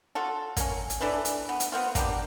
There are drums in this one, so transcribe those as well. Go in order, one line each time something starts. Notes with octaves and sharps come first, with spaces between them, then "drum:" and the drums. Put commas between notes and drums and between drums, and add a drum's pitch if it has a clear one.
F4 F#4 A4
A#3 C#4, drum: kick, hi-hat
drum: hi-hat
E3 D4 A4 B4
drum: hi-hat
B3
drum: hi-hat
B3 C4 F4
A#3 B3 D4 G4, drum: kick, hi-hat